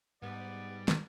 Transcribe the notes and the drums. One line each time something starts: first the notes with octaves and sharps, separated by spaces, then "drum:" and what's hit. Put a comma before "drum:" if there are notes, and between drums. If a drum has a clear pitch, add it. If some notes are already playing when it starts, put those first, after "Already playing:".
G#2 G3 B3 D5
drum: snare